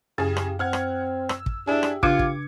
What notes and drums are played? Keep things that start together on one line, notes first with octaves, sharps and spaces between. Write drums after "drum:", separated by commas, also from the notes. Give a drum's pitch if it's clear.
F#2 C#3 G4 G#4
drum: rim click
C4 F#5 F6 G#6
drum: rim click
E6, drum: rim click
drum: kick
D4 E4 G4 G#4
drum: rim click
C#3 D4 F4 D6 F#6 G#6 C#7, drum: kick
drum: kick